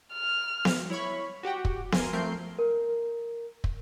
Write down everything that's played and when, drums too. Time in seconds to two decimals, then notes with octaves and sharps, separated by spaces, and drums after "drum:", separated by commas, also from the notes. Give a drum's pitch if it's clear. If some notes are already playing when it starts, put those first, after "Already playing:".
0.13 F6
0.65 drum: snare B3
0.90 E4 C#5 B5 C#6
1.43 F#4 G4 F#5 G5
1.65 drum: kick
1.92 A#4 G#5 C6, drum: snare B3
2.13 F3 A3 C4 A#4 G6 C7
2.59 A#4
3.64 drum: kick